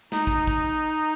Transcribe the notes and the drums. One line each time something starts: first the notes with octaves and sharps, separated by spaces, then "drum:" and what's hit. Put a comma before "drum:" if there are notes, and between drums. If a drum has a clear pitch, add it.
D#4, drum: snare
drum: kick
drum: kick